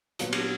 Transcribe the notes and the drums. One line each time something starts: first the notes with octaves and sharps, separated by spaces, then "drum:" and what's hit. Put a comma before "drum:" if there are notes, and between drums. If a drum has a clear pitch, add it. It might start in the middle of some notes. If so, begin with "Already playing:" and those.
A#2 F#3 B3 F4, drum: hi-hat
drum: cymbal